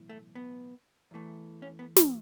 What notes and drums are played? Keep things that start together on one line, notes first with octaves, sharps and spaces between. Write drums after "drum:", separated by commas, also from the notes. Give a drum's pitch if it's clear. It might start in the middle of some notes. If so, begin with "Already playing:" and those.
Already playing: B1 A2 E3
A3
B3
E2 E3 A3
C#4
B3
A3, drum: snare